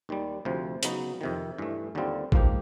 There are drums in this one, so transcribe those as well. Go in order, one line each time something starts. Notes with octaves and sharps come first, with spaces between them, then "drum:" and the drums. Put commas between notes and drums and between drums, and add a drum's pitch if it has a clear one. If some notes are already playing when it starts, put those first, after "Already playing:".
D#2 D#3 G3
D2 C3 F3
C#3 F#3 B3 D#4, drum: hi-hat
F2 C3 D#3
G2 E3 A3
D#2 D3 G3 C4 F4
G#2 F3 A#3 D#4 G4, drum: kick